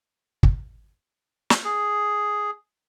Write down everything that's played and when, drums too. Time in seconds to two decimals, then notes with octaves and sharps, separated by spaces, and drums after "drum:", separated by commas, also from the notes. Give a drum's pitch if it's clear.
0.43 drum: kick
1.50 drum: snare
1.65 G#4